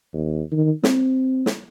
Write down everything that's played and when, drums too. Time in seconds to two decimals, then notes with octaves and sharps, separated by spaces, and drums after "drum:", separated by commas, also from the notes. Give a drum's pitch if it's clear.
0.13 D#2
0.52 D#3
0.83 C4, drum: snare
1.46 drum: snare